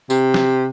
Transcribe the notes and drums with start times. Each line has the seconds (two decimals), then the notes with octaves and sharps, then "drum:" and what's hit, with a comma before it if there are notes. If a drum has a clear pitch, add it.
0.10 C3, drum: tambourine
0.34 drum: snare